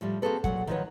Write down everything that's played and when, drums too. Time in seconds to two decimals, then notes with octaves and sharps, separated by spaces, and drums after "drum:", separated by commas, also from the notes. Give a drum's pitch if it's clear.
0.01 A2 F3 G3
0.22 A#3 C4 F#4 G#4 A4 B4
0.44 A#2 E3 F#3 F#5, drum: kick
0.67 D#3 F3 F#3 A4 B4 C#5